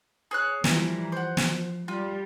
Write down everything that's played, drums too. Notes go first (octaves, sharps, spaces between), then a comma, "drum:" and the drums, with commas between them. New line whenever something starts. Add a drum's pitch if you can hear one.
G#4 C#5 F#6
E3 F3 G3 A#4, drum: snare
F3 C5 F#5
drum: snare
G3 F4